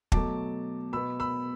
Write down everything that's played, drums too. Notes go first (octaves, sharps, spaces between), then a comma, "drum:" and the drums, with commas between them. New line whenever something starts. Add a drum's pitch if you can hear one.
B2 F#3 A3 A5 D6, drum: kick
B2 B3 B5 E6
B5 E6